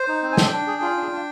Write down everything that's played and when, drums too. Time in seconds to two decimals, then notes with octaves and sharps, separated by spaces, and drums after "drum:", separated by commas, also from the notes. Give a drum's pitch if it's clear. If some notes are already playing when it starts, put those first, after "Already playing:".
Already playing: C5
0.08 D#4
0.22 C4
0.32 G#5
0.37 D4 G5, drum: snare
0.52 D4
0.67 G#4
0.82 F4
0.97 D4
1.11 D4